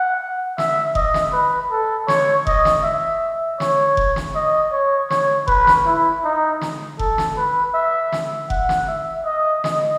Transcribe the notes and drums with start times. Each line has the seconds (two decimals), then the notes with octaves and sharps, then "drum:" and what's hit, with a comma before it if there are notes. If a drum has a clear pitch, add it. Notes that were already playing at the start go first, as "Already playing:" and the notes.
Already playing: F#5
0.58 E5, drum: snare
0.95 D#5, drum: kick F1
1.14 drum: snare
1.33 B4
1.71 A4
2.08 C#5, drum: snare
2.47 D#5, drum: kick F1
2.65 drum: snare
2.84 E5
3.60 C#5, drum: snare
3.97 drum: kick F1
4.16 drum: snare
4.35 D#5
4.72 C#5
5.10 C#5, drum: snare
5.48 B4, drum: kick F1
5.67 drum: snare
5.86 E4
6.24 D#4
6.61 drum: snare
6.99 A4, drum: kick F1
7.18 drum: snare
7.37 B4
7.74 E5
8.12 drum: snare
8.50 F#5, drum: kick F1
8.69 drum: snare
8.88 E5
9.25 D#5
9.64 D#5, drum: snare